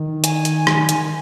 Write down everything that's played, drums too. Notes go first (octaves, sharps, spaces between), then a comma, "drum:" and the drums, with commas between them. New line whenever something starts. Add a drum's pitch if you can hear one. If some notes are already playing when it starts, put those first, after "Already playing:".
Already playing: D#3
G#5, drum: hi-hat
drum: hi-hat
drum: rim click
drum: hi-hat